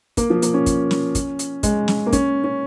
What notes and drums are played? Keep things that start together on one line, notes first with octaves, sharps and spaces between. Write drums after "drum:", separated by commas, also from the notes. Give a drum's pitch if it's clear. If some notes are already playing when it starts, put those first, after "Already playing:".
A#3, drum: kick, hi-hat
F3
A#3, drum: hi-hat
C#4
drum: kick, hi-hat
drum: snare
drum: kick, hi-hat
drum: hi-hat
G#3, drum: kick, hi-hat
drum: snare
A#3
C#4, drum: kick, hi-hat
C#4